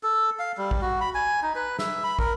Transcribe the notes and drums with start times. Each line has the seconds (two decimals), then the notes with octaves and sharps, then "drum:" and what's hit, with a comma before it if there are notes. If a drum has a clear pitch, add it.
0.03 A4
0.39 F5
0.58 G3
0.71 drum: kick
0.82 F#4
1.01 B5
1.15 G#5
1.43 D#4
1.55 B4
1.79 E5, drum: snare
2.04 B5
2.19 A#4, drum: kick